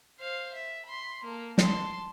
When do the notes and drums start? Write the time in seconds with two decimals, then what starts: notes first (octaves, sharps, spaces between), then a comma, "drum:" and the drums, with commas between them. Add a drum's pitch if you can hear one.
0.19 C5 F5
0.54 E5
0.85 B5 C6
1.23 A#3 A4
1.58 A5 C6, drum: snare